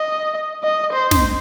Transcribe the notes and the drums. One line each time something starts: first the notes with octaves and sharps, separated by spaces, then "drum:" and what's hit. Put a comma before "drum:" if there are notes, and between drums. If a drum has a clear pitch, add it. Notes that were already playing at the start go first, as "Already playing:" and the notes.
Already playing: D#5
D#5
C5
drum: snare